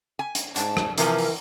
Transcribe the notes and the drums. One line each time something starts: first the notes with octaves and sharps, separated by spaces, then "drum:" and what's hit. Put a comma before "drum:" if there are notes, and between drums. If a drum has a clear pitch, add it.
G#5
drum: hi-hat
G#2 A5, drum: hi-hat
drum: rim click
C3 E3 F3 A#4 G#5, drum: hi-hat
drum: open hi-hat